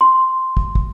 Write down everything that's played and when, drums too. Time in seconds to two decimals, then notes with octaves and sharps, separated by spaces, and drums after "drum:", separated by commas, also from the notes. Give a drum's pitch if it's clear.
0.01 C6
0.57 drum: kick
0.75 drum: kick